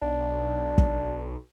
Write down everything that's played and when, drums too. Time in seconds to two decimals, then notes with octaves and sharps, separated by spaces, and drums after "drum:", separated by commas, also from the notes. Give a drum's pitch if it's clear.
0.02 B1 D4
0.78 drum: kick